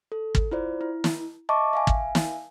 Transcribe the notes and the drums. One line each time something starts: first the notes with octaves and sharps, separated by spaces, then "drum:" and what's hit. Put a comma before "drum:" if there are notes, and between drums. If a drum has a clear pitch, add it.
A4
drum: kick
E4 F4 C5 D5
E4
drum: snare
D#5 E5 A5 C#6 D6
E5 F5 G#5
drum: kick
drum: snare